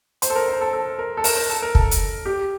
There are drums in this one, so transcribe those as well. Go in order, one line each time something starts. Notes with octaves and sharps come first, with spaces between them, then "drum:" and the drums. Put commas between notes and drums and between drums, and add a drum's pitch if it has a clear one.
C5, drum: hi-hat
A4
A#4
C5
A4
A4
A#4
A4
A#4, drum: open hi-hat
A#4
A4
A#4
A4, drum: kick
drum: hi-hat
G4